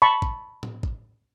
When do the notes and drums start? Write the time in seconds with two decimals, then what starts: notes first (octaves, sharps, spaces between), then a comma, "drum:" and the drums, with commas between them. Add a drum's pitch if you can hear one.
0.02 A5 B5 C#6
0.22 drum: kick
0.63 drum: tom A2
0.83 drum: kick